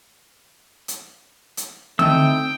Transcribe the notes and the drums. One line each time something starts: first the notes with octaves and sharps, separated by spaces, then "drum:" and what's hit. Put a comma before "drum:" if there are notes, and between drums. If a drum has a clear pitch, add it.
drum: hi-hat
drum: hi-hat
A3 C4 D#4 E4 G5 E6, drum: tom D3